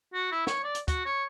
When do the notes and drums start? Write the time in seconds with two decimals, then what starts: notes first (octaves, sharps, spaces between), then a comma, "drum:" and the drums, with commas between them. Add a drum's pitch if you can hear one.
0.14 F#4
0.32 E4
0.47 C#5, drum: snare
0.64 D5
0.75 drum: hi-hat
0.88 F#4, drum: kick, hi-hat
1.06 C#5